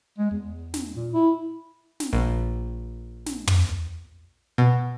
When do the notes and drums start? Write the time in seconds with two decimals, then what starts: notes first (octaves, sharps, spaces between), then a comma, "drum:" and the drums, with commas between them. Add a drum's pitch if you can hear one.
0.18 G#3
0.31 E2
0.74 drum: snare
0.95 A#2
1.13 E4
2.00 drum: snare
2.13 A#1
3.26 drum: snare
3.47 drum: tom
4.58 B2